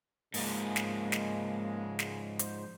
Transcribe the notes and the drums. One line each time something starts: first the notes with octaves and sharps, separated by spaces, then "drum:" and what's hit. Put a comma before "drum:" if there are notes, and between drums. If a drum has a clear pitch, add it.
G#2 C#3 F3 G#3 A#3, drum: open hi-hat
drum: snare
drum: snare
drum: snare
C5, drum: hi-hat